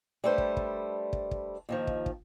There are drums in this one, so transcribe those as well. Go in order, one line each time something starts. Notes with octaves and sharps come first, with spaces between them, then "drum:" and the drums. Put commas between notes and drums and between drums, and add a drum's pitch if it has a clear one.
G3 A3 D4 A4 B4 C5
drum: kick
drum: kick
drum: kick
drum: kick
D#2 D#3 F3
drum: kick
drum: kick